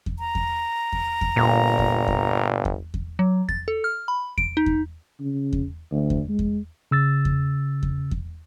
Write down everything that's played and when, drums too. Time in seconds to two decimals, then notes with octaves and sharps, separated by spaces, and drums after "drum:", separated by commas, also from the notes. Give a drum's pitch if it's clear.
0.06 drum: kick E2
0.19 A#5
0.35 drum: kick E2
0.93 drum: kick E2
1.21 drum: kick E2
1.36 G1 A#2
1.79 drum: kick E2
2.08 drum: kick E2
2.65 drum: kick E2
2.94 drum: kick E2
3.19 F#3
3.49 A6, drum: kick E2
3.68 A4
3.84 F6
4.08 B5
4.38 D7, drum: kick E2
4.57 D#4
4.66 drum: kick E2
5.20 C#3
5.53 drum: kick E2
5.91 D2
6.10 drum: kick E2
6.29 G#3
6.39 drum: kick E2
6.91 C#3 E6 A6
7.25 drum: kick E2
7.83 drum: kick E2
8.11 drum: kick E2